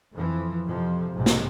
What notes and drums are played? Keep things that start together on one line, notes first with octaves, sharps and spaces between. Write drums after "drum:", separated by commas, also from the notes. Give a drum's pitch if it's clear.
F2 E3 F3
F2 C3 F3
B1 G#2 C3
drum: snare